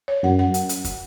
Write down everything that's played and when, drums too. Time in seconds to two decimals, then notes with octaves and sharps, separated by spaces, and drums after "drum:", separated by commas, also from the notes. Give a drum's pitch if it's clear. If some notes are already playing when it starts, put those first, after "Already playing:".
0.08 C#5
0.23 F#2 F#5
0.39 F#5
0.54 drum: hi-hat
0.69 drum: hi-hat
0.85 drum: kick, hi-hat